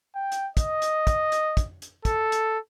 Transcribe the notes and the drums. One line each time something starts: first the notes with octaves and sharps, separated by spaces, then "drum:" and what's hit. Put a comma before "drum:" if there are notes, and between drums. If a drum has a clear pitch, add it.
G5
drum: hi-hat
D#5, drum: kick, hi-hat
drum: hi-hat
drum: kick, hi-hat
drum: hi-hat
drum: kick, hi-hat
drum: hi-hat
A4, drum: kick, hi-hat
drum: hi-hat